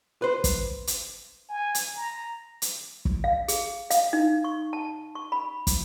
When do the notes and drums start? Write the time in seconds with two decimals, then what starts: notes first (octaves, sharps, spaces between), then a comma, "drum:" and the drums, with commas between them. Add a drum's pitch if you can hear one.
0.22 B4 C5
0.44 drum: kick, hi-hat
0.87 drum: hi-hat
1.49 G#5
1.75 drum: hi-hat
1.97 A#5
2.62 drum: hi-hat
3.05 drum: kick
3.24 F5
3.48 G#4, drum: hi-hat
3.90 F5, drum: hi-hat
4.13 D#4
4.44 C#6
4.73 A5
5.15 C#6
5.32 B5
5.67 drum: kick, hi-hat